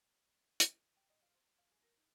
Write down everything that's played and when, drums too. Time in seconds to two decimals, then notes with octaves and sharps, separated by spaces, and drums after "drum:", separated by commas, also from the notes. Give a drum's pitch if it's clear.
0.60 drum: hi-hat
0.97 G5
1.10 D#5
1.23 F5
1.35 C5
1.58 F5
1.70 G#4
1.82 A#4
1.98 D#4